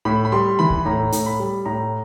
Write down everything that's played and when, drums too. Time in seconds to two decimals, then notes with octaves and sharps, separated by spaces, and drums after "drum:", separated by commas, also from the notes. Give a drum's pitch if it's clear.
0.05 A2 B5
0.25 B5
0.32 G3 C6
0.59 E3 B5
0.70 drum: kick D#2
0.86 A2 A#5
1.12 A2, drum: hi-hat
1.26 B5
1.40 G3
1.66 A2 A#5